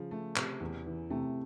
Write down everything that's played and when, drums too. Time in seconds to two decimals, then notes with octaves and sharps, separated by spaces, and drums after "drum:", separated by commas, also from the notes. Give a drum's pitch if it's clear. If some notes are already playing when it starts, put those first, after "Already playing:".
Already playing: C#3 F3
0.11 A3
0.36 C3, drum: clap
0.60 E2
0.86 E3
1.10 C3 A3